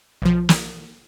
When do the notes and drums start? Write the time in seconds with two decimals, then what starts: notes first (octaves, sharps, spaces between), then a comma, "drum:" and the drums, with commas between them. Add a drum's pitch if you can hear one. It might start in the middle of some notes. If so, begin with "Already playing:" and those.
0.22 B1 F3
0.49 drum: snare